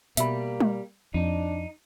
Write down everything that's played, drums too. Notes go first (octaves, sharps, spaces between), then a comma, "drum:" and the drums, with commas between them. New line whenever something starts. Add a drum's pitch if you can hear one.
B2 G3 A#3 E5 B5, drum: hi-hat
drum: tom G3
F2 D4 D#4